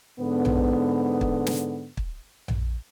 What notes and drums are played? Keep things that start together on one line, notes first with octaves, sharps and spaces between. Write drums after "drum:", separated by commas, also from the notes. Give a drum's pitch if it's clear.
G#2 D3 B3
drum: tom A#1
drum: kick
drum: snare
drum: kick
drum: tom A#1